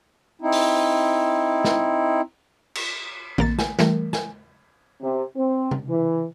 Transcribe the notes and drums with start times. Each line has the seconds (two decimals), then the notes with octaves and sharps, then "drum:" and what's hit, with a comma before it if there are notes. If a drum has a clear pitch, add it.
0.42 C4 D#4 E4
0.52 drum: open hi-hat
1.65 drum: snare
2.75 drum: cymbal
3.38 A#1 A#3 A6, drum: tom D#3
3.59 G#5, drum: snare
3.79 E3 G3 A3 A#4, drum: snare
4.13 G#5, drum: snare
5.01 C3
5.35 C4
5.71 drum: tom C3
5.88 E3